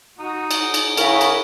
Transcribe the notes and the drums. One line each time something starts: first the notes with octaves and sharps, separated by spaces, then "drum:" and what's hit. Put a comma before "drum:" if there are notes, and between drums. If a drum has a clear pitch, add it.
D#4 F#4
drum: cymbal
drum: cymbal
C#3 E4 F#4 A#4, drum: cymbal
drum: cymbal